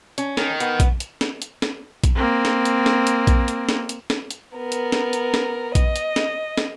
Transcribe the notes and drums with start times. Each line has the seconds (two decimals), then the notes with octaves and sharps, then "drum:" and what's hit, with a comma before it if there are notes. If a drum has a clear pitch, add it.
0.18 C#4, drum: hi-hat
0.37 D#3, drum: snare
0.60 B3, drum: hi-hat
0.80 drum: kick A#1, hi-hat
1.00 drum: hi-hat
1.21 drum: snare
1.42 drum: hi-hat
1.62 drum: snare
2.04 drum: kick A#1, hi-hat
2.15 A#3 C4
2.45 drum: snare
2.65 drum: hi-hat
2.86 drum: snare
3.07 drum: hi-hat
3.27 drum: kick A#1, hi-hat
3.48 drum: hi-hat
3.69 drum: snare
3.89 drum: hi-hat
4.10 drum: snare
4.31 drum: hi-hat
4.57 B3 A#4
4.72 drum: hi-hat
4.92 drum: snare
5.13 drum: hi-hat
5.34 drum: snare
5.75 D#5, drum: kick A#1, hi-hat
5.96 drum: hi-hat
6.16 drum: snare
6.57 drum: snare